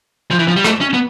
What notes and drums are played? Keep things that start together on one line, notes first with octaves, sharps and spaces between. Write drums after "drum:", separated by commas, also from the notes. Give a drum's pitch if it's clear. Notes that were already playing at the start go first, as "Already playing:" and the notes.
F3
E3
F3
G3
A3, drum: rim click
C#4
B3